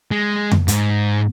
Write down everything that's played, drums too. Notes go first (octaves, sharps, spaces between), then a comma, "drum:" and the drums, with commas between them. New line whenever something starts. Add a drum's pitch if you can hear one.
G#3
drum: tom F2
G#2, drum: hi-hat